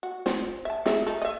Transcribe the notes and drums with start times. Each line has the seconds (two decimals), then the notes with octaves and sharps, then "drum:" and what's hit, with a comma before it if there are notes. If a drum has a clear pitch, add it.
0.03 F#4
0.26 C5, drum: snare
0.65 E5 A5
0.86 G#4 A#4 E5, drum: snare
1.07 A3 D#4 A4
1.22 D#5 E5